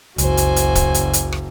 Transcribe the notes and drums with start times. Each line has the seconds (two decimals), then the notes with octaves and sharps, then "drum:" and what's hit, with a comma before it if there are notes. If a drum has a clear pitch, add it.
0.18 F#1 C#2 F#4 C5 G#5, drum: hi-hat
0.37 drum: hi-hat
0.56 drum: hi-hat
0.75 drum: kick, hi-hat
0.94 drum: hi-hat
1.13 drum: hi-hat
1.32 drum: rim click